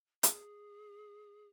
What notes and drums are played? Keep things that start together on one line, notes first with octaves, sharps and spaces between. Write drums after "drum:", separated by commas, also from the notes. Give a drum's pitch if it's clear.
G#4, drum: hi-hat